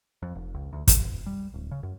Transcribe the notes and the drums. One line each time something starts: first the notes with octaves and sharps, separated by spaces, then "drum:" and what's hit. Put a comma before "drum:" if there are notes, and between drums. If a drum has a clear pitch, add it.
F2
F1
C#2
D2
A1, drum: kick, hi-hat
F1
G3
D1
C#3
F#2